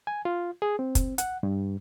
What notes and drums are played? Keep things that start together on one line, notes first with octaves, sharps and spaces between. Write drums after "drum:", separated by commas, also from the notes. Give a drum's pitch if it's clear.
G#5
F4
G#4
C4
drum: kick, hi-hat
F#5, drum: hi-hat
G2